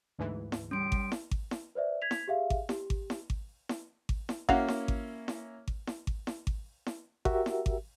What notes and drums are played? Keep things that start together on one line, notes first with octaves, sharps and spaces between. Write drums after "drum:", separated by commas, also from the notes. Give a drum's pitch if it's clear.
D2 G#2 E3
drum: snare E4
G3 C#4 C6 D7
drum: kick G#1
drum: snare E4
drum: kick G#1
drum: snare E4
B4 C5 D5 E5
G#6 B6 F7
drum: snare E4
G4 G#4 E5 F5
drum: kick G#1
G4, drum: snare E4
drum: kick G#1
drum: snare E4
drum: kick G#1
drum: snare E4
drum: kick G#1
drum: snare E4
A#3 C#4 E4 F#4 F5, drum: kick G#1
drum: snare E4
drum: kick G#1
drum: snare E4
drum: kick G#1
drum: snare E4
drum: kick G#1
drum: snare E4
drum: kick G#1
drum: snare E4
F#4 G4 A#4 E5, drum: kick G#1
drum: snare E4
drum: kick G#1